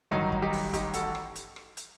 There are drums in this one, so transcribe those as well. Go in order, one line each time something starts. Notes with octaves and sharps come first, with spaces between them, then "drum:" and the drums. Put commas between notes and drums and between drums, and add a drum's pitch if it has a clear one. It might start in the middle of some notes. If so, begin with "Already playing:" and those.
A1 G2 D#3 F#3 D#4
drum: kick
D#4 G4
drum: open hi-hat
D#4 G4, drum: kick, hi-hat
F#4 A4, drum: hi-hat
drum: rim click
drum: hi-hat
drum: rim click
drum: hi-hat